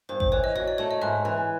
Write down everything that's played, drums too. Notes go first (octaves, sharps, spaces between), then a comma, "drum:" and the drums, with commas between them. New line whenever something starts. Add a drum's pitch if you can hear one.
G2 C5
C5, drum: kick G#1
E3 C#5
D#5
F#3 C#5
D5
A3 C#5
D#5
G#2 E5
E3